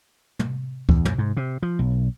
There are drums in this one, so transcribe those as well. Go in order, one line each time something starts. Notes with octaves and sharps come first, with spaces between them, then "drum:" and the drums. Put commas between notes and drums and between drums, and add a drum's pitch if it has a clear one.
drum: tom
E2, drum: kick C#2
F#2, drum: tom
G#2
C3
F3
B1